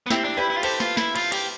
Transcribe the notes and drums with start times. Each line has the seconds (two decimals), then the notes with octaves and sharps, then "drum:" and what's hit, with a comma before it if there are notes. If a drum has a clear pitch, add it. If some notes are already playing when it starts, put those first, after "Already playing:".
0.06 B3
0.10 C4 E4 G4, drum: snare
0.24 D4
0.37 E4 G4 B4
0.50 E4
0.57 F4
0.63 G4 A4 C5, drum: cymbal
0.80 F4, drum: snare
0.97 E4, drum: snare
1.16 F4, drum: cymbal
1.32 G4, drum: cymbal